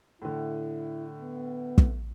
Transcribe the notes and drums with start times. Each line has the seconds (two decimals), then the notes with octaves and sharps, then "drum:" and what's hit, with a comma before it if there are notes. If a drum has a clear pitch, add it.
0.22 A2 D3 E4
1.22 B3
1.78 drum: kick